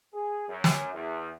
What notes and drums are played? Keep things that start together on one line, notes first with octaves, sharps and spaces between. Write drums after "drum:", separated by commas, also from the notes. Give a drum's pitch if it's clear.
G#4
F#2
drum: snare
E2